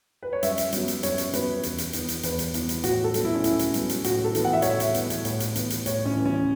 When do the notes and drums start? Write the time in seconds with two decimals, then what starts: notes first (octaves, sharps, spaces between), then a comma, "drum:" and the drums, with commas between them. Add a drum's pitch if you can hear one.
0.23 B4
0.33 C#5
0.43 F#2 E5, drum: hi-hat
0.58 drum: hi-hat
0.72 F#3 B3, drum: hi-hat
0.88 drum: hi-hat
1.03 F#2 C#5, drum: hi-hat
1.18 drum: hi-hat
1.33 F#3 B3 B4, drum: hi-hat
1.63 E2, drum: hi-hat
1.78 drum: hi-hat
1.93 E3 B3, drum: hi-hat
2.08 drum: hi-hat
2.23 E2 B4, drum: hi-hat
2.39 drum: hi-hat
2.54 E3 B3, drum: hi-hat
2.69 drum: hi-hat
2.84 A2 F#4, drum: hi-hat
3.04 A4
3.14 F#3 B3, drum: hi-hat
3.25 E4
3.35 C#4
3.44 A2 E4, drum: hi-hat
3.59 drum: hi-hat
3.74 F#3 B3, drum: hi-hat
3.89 drum: hi-hat
4.04 A2 F#4, drum: hi-hat
4.24 A4
4.35 E3 B3, drum: hi-hat
4.45 F#5
4.53 E5
4.62 A2 C#5, drum: hi-hat
4.70 E5
4.80 drum: hi-hat
4.94 E3 B3, drum: hi-hat
5.10 drum: hi-hat
5.25 A2, drum: hi-hat
5.40 drum: hi-hat
5.56 E3 B3, drum: hi-hat
5.70 drum: hi-hat
5.86 A2 C#5, drum: hi-hat
6.05 C#4
6.15 E3 B3
6.26 C#4